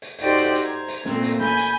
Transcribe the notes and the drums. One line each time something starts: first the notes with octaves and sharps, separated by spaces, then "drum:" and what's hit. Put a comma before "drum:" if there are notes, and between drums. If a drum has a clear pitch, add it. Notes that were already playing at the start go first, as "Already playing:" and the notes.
drum: hi-hat
D#4 F#4 G4 A4 C5 D5, drum: hi-hat
drum: hi-hat
drum: hi-hat
C5 A#5 G#6
drum: hi-hat
A#2 A3 A#3 C4, drum: snare
drum: hi-hat
G#5 B5 G6, drum: snare
drum: hi-hat